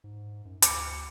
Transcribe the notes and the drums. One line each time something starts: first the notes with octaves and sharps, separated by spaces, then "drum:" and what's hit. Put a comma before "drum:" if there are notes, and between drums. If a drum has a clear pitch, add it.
G#2
F#2
D2 D6 C#7, drum: hi-hat